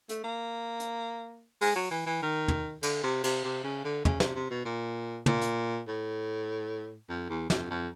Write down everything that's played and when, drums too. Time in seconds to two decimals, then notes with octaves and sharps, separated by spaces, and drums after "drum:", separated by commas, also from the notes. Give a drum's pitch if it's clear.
0.09 A3, drum: hi-hat
0.24 A#3
0.80 drum: hi-hat
1.61 G#3, drum: open hi-hat
1.76 F#3
1.91 E3
2.06 E3
2.22 D#3
2.48 drum: tom
2.83 D3, drum: cymbal
3.03 C3
3.24 C3, drum: cymbal
3.44 C3
3.64 C#3
3.85 D3
4.05 C#3, drum: tom
4.20 C3, drum: snare
4.35 C3
4.51 B2
4.65 A#2
5.26 A#2, drum: tom
5.42 drum: hi-hat
5.88 A2
7.09 F2
7.30 E2
7.50 F2, drum: snare
7.70 F2